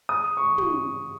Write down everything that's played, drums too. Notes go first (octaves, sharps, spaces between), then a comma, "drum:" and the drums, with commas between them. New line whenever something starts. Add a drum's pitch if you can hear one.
D#6
C#6
drum: tom